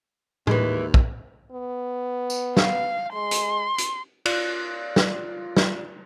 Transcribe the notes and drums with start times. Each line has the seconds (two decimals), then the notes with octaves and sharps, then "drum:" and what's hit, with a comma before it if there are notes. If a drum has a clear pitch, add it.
0.47 D#2 E3 G#3, drum: tom A2
0.94 drum: kick
1.52 B3
2.30 drum: tambourine
2.57 F5, drum: snare
3.13 G#3 C6
3.31 drum: hi-hat
3.78 drum: hi-hat
4.25 F4 D5 F#6, drum: cymbal
4.96 drum: snare
5.57 drum: snare